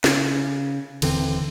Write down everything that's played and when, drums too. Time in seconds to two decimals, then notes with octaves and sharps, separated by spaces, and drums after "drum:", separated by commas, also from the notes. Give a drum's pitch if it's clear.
0.04 C#3, drum: snare
1.02 D#1 D3 E3 C4, drum: cymbal